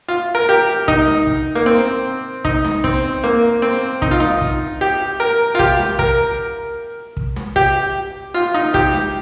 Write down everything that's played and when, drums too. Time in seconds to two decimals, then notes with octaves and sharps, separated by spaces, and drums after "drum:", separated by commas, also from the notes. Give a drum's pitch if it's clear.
0.08 F4
0.35 A#4
0.49 G4
0.88 D#4, drum: kick
1.07 drum: snare
1.27 drum: kick
1.55 A#3
1.66 C4
2.45 D#4, drum: kick
2.64 drum: snare
2.84 C4, drum: kick
3.24 A#3
3.62 C4
4.02 D#4, drum: kick
4.11 F4
4.20 D#4, drum: snare
4.41 drum: kick
4.81 G4
5.20 A#4
5.55 F4
5.59 G4, drum: kick
5.79 drum: snare
5.99 A#4, drum: kick
7.17 drum: kick
7.36 drum: snare
7.56 G4, drum: kick
8.34 F4
8.54 D#4
8.74 G4, drum: kick
8.94 drum: snare